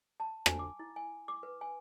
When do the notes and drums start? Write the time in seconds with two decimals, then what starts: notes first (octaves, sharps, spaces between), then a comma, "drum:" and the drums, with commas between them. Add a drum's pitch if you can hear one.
0.20 A5
0.46 G#5, drum: rim click
0.59 D6
0.79 E4
0.96 G#5
1.28 D6
1.43 B4
1.61 G#5